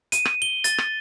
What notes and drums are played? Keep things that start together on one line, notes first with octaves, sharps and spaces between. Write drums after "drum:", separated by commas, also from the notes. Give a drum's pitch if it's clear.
D#7, drum: hi-hat
drum: rim click
G7
A6, drum: hi-hat
drum: rim click